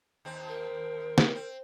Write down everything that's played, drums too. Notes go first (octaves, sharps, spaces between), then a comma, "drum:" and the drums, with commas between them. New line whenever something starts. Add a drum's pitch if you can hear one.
D#2 C4
A#4
drum: snare
C4